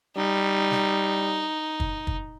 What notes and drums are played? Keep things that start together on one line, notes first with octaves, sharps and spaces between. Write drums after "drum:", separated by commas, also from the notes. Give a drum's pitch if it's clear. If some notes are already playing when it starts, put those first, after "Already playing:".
G3 D#4
drum: snare
drum: kick
drum: kick